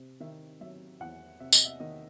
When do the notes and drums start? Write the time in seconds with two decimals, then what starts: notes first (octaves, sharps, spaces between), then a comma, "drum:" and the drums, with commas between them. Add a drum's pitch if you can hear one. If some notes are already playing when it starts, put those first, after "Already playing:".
Already playing: C3
0.20 D#3 E5
0.61 F#3 E5
1.00 E2 F#5
1.40 C3 E5
1.53 D#5, drum: tambourine
1.65 E5
1.80 D#3 D#5